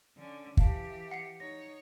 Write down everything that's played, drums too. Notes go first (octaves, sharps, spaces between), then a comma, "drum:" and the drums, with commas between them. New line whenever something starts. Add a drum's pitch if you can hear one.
D3 C#4
E3 G4 E5 F5 A5, drum: kick
F#5 C7 C#7
D#4 C#5 A#6